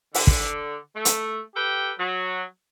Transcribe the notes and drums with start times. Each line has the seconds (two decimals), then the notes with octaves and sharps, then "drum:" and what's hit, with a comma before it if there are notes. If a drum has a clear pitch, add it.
0.14 D3, drum: open hi-hat
0.27 drum: kick
0.96 A3
1.05 drum: hi-hat
1.55 G4 A4 B4 G5
1.99 F#3